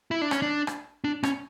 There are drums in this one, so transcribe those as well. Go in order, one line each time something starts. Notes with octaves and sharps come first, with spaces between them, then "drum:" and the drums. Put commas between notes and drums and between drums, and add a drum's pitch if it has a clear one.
E4
D4
C#4, drum: rim click
D4
drum: rim click
D4
C#4, drum: rim click